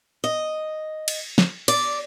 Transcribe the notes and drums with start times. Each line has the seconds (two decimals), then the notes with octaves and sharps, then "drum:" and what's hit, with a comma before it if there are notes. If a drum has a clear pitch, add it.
0.24 D#5
1.08 drum: cymbal
1.38 drum: snare
1.68 D5, drum: cymbal